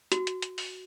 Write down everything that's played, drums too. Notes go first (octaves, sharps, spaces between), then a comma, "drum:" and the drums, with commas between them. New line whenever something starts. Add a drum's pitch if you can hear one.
F#4, drum: hi-hat
drum: hi-hat
drum: hi-hat
drum: open hi-hat